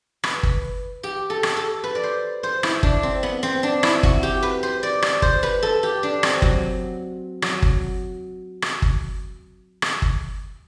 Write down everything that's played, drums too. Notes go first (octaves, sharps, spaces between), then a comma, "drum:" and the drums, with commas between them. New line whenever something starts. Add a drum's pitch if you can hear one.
B4, drum: rim click
drum: kick G1
G4
A4
drum: rim click
A4
B4
D5
C5
C5
E4, drum: rim click
D4, drum: kick G1
C4
B3
C4
D4
E4, drum: rim click
F#4, drum: kick G1
G4
B4
C5
D5
D5, drum: rim click
C5, drum: kick G1
B4
A4
G4
D4
C4, drum: rim click
F#3, drum: kick G1
F#3, drum: rim click
drum: kick G1
drum: rim click
drum: kick G1
drum: rim click
drum: kick G1